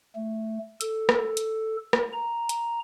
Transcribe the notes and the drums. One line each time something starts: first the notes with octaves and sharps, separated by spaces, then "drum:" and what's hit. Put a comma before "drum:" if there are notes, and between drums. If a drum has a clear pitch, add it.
A3
A4, drum: hi-hat
drum: rim click
drum: hi-hat
drum: rim click
A#5
drum: hi-hat